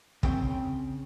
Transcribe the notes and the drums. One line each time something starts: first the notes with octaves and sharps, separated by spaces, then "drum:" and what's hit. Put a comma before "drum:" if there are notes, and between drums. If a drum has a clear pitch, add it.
C#3 C4 G5, drum: kick